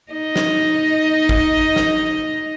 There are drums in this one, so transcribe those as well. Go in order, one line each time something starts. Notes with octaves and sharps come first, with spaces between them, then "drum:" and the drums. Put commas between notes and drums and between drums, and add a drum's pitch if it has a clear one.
D#4 D#5
drum: snare
drum: kick G#1
drum: snare